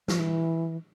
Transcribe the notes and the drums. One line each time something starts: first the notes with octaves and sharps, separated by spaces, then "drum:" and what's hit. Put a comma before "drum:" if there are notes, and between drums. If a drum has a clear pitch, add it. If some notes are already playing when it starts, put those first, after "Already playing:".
F3, drum: snare
E3